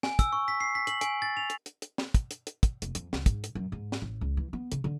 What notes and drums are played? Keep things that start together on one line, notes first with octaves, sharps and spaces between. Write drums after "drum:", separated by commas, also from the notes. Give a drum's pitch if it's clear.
G#5, drum: snare
E6, drum: kick, hi-hat
C#6
B6
C7
B6
F#7, drum: hi-hat
G#5, drum: hi-hat
A6
F7
drum: hi-hat
drum: hi-hat
drum: hi-hat
drum: snare
drum: kick, hi-hat
drum: hi-hat
drum: hi-hat
drum: kick, hi-hat
F1, drum: hi-hat
F2, drum: hi-hat
C#2, drum: snare
G#2, drum: kick, hi-hat
drum: hi-hat
F#2
G#2
drum: snare
A1
C#2
E3
B3
C#3, drum: hi-hat
D3